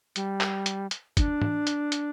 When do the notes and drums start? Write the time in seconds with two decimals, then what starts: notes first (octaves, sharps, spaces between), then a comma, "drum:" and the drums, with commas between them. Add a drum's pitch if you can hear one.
0.16 G3, drum: hi-hat
0.41 drum: clap
0.66 drum: hi-hat
0.91 drum: hi-hat
1.17 D#4, drum: kick, hi-hat
1.20 D4
1.42 drum: tom
1.67 drum: hi-hat
1.92 drum: hi-hat